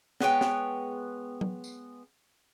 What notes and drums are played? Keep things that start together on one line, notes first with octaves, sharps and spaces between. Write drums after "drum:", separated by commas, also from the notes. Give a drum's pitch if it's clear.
G#3 B3 C#5 G5, drum: snare
drum: snare
drum: tom F#3
drum: tambourine